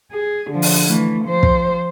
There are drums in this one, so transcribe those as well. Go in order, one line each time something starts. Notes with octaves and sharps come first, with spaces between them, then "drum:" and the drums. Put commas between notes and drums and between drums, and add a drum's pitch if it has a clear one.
G#4
D3 F3
drum: open hi-hat
E3 A3
F3 C5
drum: kick